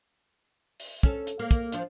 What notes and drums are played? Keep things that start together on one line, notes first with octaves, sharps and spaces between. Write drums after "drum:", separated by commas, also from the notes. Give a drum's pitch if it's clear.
drum: open hi-hat
C#4 A4, drum: kick, hi-hat
drum: hi-hat
A#3
drum: kick, hi-hat
F3 D4, drum: hi-hat